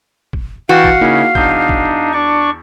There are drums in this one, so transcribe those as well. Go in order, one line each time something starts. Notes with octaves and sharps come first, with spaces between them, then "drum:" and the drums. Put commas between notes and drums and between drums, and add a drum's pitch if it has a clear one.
drum: kick
E3 F#4 F5 G5 A5
drum: kick
C#3 A#3 C#4 D#4 E4
E2 D4 D#4 G6, drum: kick
drum: kick
D4 D5 C#6